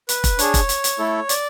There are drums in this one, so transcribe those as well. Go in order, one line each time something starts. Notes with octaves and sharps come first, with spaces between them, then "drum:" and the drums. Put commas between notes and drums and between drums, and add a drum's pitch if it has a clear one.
B4, drum: hi-hat
drum: kick F1, hi-hat
D4 G#4 C#5, drum: hi-hat
drum: kick F1, hi-hat
drum: hi-hat
drum: hi-hat
A3 E4 A4
D5, drum: hi-hat